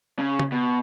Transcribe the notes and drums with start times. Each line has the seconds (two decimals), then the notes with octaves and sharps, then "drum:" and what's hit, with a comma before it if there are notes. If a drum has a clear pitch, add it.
0.19 C#3
0.39 drum: tom C#3
0.52 B2